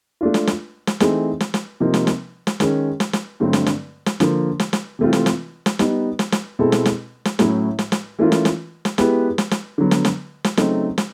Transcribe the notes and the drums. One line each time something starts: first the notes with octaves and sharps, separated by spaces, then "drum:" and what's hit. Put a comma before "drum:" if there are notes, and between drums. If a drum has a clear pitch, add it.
A3 D4 F4
drum: snare
drum: snare
drum: snare
E3 A3 C4 D#4 G#4, drum: snare
drum: snare
drum: snare
C3 F3 A#3 D#4
drum: snare
drum: snare
drum: snare
D#3 G#3 C#4, drum: snare
drum: snare
drum: snare
G2 D3 F#3 A3 C4
drum: snare
drum: snare
drum: snare
D3 F3 A#3, drum: snare
drum: snare
drum: snare
C3 E3 A3 C4 F4
drum: snare
drum: snare
drum: snare
G3 B3 D#4, drum: snare
drum: snare
drum: snare
B2 G#3 C4 E4 A4
drum: snare
drum: snare
drum: snare
A2 F#3 A3 C#4 E4, drum: snare
drum: snare
drum: snare
E3 A3 C#4 F4 A#4
drum: snare
drum: snare
drum: snare
G#3 B3 E4 G4 B4, drum: snare
drum: snare
drum: snare
D3 F#3 B3
drum: snare
drum: snare
drum: snare
C#3 F#3 A3 C4 D#4, drum: snare
drum: snare